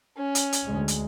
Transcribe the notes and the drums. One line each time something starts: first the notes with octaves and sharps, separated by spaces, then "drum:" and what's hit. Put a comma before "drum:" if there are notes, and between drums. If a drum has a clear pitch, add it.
C#4
drum: hi-hat
drum: hi-hat
D2 G#3
drum: hi-hat